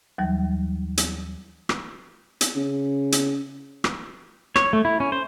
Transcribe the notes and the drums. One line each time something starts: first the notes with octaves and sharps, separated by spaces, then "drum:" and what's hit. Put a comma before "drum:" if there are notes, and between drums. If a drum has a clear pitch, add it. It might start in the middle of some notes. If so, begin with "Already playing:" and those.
D#2 E3 F#3 G3
drum: hi-hat
drum: rim click
drum: hi-hat
C#3
drum: hi-hat
drum: rim click
C#5, drum: rim click
A3
E4
C#4
C5